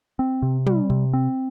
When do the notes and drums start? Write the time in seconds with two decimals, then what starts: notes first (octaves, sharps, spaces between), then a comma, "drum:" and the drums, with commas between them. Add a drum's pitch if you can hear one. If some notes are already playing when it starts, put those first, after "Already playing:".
0.19 C4
0.42 C3
0.66 G3, drum: tom
0.90 C3, drum: kick
1.13 C4